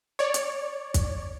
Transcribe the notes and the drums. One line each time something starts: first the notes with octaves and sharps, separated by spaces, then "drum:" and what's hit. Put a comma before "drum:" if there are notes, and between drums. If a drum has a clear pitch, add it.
C#5 D5
drum: hi-hat
drum: kick, hi-hat